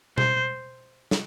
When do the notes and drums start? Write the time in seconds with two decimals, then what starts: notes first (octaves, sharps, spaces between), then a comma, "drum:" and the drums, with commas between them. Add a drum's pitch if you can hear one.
0.18 C5, drum: tom B2
1.11 drum: snare